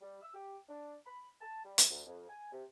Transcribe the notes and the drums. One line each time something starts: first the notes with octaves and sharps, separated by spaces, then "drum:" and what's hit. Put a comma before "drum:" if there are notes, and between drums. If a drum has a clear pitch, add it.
G3
E6
G4
D4
B5
A5
G3
drum: hi-hat
D2
F2
G#5
C3